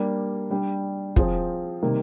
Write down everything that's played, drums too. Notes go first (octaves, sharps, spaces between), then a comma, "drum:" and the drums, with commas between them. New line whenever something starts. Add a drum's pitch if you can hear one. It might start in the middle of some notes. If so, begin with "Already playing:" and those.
Already playing: G3 A#3 D4
G3 D4 G4
F3 C4 F4 G#4 C5, drum: kick
C3 D#3 G3 A#3